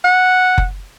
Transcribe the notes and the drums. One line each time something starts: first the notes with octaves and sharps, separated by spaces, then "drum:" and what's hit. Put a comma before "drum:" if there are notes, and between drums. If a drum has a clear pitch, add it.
F#5
drum: kick F#1